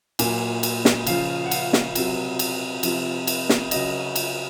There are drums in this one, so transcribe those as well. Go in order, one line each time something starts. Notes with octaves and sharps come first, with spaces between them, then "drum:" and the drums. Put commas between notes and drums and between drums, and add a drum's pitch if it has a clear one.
A#2 F#3 G#5, drum: cymbal
drum: cymbal
drum: snare
C#3 F3 F5, drum: cymbal
F#5
F5, drum: cymbal
drum: snare
C3 F#3, drum: cymbal
drum: cymbal
C3 F3, drum: cymbal
drum: cymbal
drum: snare
C#3 F#3 D#5, drum: cymbal
drum: cymbal